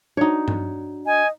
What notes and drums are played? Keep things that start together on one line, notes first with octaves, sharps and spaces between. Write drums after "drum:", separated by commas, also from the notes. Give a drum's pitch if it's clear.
D4 D#4 F#4 C#5
drum: tom G2
D#5 G#5